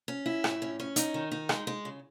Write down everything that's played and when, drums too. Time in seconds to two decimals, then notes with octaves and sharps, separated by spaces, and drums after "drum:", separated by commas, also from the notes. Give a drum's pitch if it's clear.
0.08 C#4
0.26 E4
0.44 A2, drum: rim click
0.62 C#4
0.80 C#4
0.96 D#4, drum: hi-hat
1.14 D#3
1.32 D#4
1.49 G#3, drum: rim click
1.67 G#3
1.85 C#3